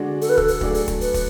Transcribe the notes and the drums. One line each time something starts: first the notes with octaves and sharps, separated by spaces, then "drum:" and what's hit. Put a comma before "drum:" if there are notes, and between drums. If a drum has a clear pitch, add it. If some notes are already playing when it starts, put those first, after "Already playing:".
Already playing: D3 G#3 D4 F#4
A4, drum: open hi-hat
B4
A4, drum: kick
drum: open hi-hat
F#3 A3 D4 G#4 D5, drum: kick
drum: open hi-hat
drum: kick, hi-hat
B4, drum: open hi-hat
drum: kick, open hi-hat